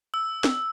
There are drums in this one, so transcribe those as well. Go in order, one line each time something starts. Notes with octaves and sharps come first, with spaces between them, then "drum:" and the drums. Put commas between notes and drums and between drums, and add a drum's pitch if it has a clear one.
E6
drum: snare